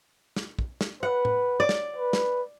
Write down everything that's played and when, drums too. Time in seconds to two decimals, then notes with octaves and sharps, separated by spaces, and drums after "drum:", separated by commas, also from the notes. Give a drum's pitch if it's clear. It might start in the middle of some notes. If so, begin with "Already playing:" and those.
0.36 drum: snare
0.59 drum: kick
0.81 drum: snare
1.03 B4 F#5
1.25 drum: tom A2
1.60 D5
1.69 drum: snare
1.96 B4
2.13 drum: snare